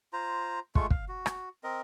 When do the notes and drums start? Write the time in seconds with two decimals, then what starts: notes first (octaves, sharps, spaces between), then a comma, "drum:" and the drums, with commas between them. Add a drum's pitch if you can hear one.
0.13 F4 C5 A#5
0.75 G#3 A3 F4 C#6, drum: kick
0.90 F5, drum: kick
1.09 F#4
1.26 drum: rim click
1.64 C4 A#4 D#5